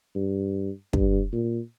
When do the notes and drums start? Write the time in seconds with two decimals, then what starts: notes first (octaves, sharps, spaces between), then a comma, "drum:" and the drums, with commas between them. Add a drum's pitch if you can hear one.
0.15 G2
0.93 G2, drum: kick
1.33 A#2